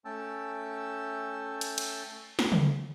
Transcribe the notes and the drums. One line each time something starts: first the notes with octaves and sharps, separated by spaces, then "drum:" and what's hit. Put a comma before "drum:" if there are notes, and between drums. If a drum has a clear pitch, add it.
A3 C#4 G5 A5 E6
drum: hi-hat
drum: cymbal
drum: snare
drum: tom C#3